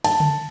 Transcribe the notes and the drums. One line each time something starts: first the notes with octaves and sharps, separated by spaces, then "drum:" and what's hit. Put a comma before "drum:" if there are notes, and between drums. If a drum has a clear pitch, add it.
A5, drum: cymbal
drum: tom C#3